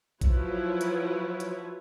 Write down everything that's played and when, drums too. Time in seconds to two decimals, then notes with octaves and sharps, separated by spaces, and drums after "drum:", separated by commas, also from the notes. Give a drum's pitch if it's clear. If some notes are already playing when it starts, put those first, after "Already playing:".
0.21 F3 F#3 E4 B4 C#5, drum: kick, hi-hat
0.81 drum: hi-hat
1.40 drum: hi-hat